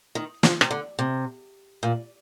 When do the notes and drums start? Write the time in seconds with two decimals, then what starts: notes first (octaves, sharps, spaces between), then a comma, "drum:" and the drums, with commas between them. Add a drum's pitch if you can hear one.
0.15 D#3
0.43 F3, drum: snare
0.61 C3, drum: rim click
0.71 D3
0.99 C3
1.83 A#2